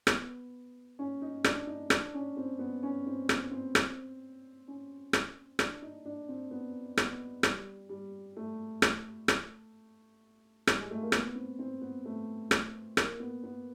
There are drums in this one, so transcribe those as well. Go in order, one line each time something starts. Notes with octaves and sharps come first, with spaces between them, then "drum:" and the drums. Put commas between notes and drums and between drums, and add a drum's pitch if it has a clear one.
B3, drum: rim click
C#4
D#4
D4, drum: rim click
D#4
D4, drum: rim click
C#4
C4
B3
C#4
C4
B3, drum: rim click
C4
drum: rim click
C#4
drum: rim click
D4, drum: rim click
D#4
D4
C4
B3
B3, drum: rim click
G3, drum: rim click
G3
A3
drum: rim click
drum: rim click
G3, drum: rim click
G#3
A3
A#3
B3, drum: rim click
C4
C4
B3
A3
drum: rim click
A#3, drum: rim click
B3
B3